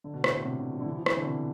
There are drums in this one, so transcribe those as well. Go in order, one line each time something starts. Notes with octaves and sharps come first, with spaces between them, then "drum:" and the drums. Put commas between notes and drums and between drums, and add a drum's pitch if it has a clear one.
D3
B2
A2, drum: rim click
B2
C3
D3
F3
D3
E3
F3
E3, drum: rim click
D3
B2
C3